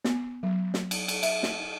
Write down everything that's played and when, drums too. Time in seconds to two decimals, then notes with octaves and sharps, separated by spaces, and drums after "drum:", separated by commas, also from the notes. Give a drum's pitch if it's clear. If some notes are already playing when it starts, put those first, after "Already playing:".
0.05 B3, drum: snare
0.43 F#3
0.74 drum: snare
0.91 drum: cymbal
1.08 drum: cymbal
1.23 E5, drum: cymbal
1.43 drum: snare